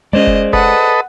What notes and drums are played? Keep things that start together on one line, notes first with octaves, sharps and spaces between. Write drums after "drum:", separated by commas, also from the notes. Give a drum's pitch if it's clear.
G#3 C#4 G#4 C5 D5 D#5
drum: kick F1
A4 B4 D#5 F#5, drum: kick F1